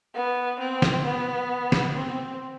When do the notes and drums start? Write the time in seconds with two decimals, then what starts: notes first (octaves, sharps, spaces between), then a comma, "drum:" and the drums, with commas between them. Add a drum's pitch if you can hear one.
0.15 B3
0.60 C4
0.82 drum: snare
1.04 B3
1.72 drum: snare
1.95 C4